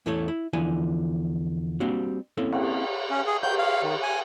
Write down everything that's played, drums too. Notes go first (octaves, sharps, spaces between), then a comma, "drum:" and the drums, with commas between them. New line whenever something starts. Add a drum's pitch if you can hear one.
E2 E3 A3 E4 A4 C#5
E4
E2 D3 E3 F3 E4 G#5
G3 A#3 C4 D4 F#4
A#3 C4 C#4 E4 A4
drum: cymbal
C#4
G#4
G6, drum: cymbal
F5
D#3
G#5